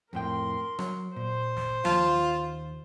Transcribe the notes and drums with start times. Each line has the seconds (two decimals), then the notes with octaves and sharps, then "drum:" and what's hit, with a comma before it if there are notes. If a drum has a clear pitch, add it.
0.13 F2 A2 A#4 G5 C6
0.79 F#3, drum: rim click
1.16 A#2 C5
1.57 drum: snare
1.85 D#2 F4 A5, drum: tom F3